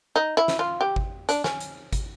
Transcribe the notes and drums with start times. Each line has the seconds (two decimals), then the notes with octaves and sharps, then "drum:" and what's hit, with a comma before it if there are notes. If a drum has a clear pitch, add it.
0.16 D#4
0.37 E4
0.48 drum: snare
0.59 F4
0.81 G4
0.96 drum: kick G#1
1.29 D4, drum: hi-hat
1.44 C#4, drum: snare
1.60 drum: hi-hat
1.93 drum: kick G#1, hi-hat